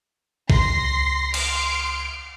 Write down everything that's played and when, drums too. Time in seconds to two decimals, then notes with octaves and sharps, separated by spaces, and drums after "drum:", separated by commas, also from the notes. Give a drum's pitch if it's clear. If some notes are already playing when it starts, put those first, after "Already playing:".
0.50 C#2 C6 A#6 C7, drum: kick A#1
1.34 C6 F6 D7, drum: cymbal